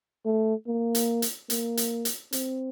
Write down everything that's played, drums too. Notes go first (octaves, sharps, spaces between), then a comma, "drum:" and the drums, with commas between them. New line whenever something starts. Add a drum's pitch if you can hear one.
A3
A#3
drum: hi-hat
drum: hi-hat
A#3, drum: hi-hat
drum: hi-hat
drum: hi-hat
C4, drum: hi-hat